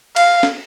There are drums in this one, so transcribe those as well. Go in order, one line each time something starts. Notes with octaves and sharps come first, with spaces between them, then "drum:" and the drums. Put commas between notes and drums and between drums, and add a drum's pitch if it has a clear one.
F5, drum: cymbal
drum: snare